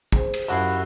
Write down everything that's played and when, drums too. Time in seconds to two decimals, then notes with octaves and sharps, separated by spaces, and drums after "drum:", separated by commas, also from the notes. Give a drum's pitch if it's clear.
0.12 G#4 C5, drum: kick
0.34 drum: cymbal
0.48 F#2 E3 F3 E4 F#4 G4 E6 C7